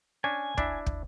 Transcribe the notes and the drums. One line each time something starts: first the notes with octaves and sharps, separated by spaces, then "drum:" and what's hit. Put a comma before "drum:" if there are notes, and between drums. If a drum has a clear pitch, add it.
C#4 D4 G#5
D4 E4, drum: kick
drum: kick